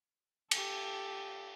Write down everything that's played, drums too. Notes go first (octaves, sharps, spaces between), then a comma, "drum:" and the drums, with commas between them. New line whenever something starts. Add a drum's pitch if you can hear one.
G4 A4, drum: cymbal